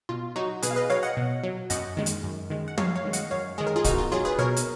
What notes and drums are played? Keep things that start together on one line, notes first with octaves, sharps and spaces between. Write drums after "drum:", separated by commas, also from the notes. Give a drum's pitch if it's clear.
B2 F4
F#3 D#4 F#4
B2 G#4 B4, drum: hi-hat
F5
B4 D#5
F#3 C#5 F5
D#5 F#5
B2
F#3
F#2 D#5 F#5, drum: hi-hat
D#3 G#3
drum: hi-hat
F#2
D#3 G#3
F#5
F#2 C#5 F5, drum: tom
C#5 F5
D#3 G#3
D#5 F#5, drum: hi-hat
F#2 C#5 F5
D#3 G#3 G#4
A#4
F4 G#4
B2 D#4 F#4, drum: kick, hi-hat
F4
F#3 F4 G#4
G#4 B4
B2 A#4 C#5
drum: hi-hat